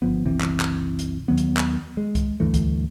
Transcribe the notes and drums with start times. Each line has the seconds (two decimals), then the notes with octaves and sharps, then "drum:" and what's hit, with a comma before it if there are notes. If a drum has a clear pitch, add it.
0.02 G1 F3 B3
0.25 F#1 C2 C3 E3
0.41 drum: clap
0.60 drum: clap
0.99 drum: hi-hat
1.28 D#2 D#3 F#3 B3
1.38 drum: hi-hat
1.57 drum: clap
1.97 G#3
2.15 drum: kick C2, hi-hat
2.40 D2 G2 E3 A3
2.54 drum: kick C2, hi-hat